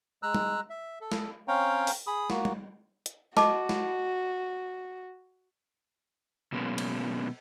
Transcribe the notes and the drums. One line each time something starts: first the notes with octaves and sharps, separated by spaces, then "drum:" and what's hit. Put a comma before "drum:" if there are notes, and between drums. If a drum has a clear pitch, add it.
G#3 A#5 E6 F#6
drum: tom
E5
A4
drum: snare
C4 C#4 C#5 F5 G5 A#5
drum: open hi-hat
G#4 B5 D#6
A#3 F#4, drum: snare
drum: tom
drum: hi-hat
F#4 D#5 A5 D6, drum: snare
drum: snare
B2 F#3 G#3 A#3 B3 C#4
drum: cymbal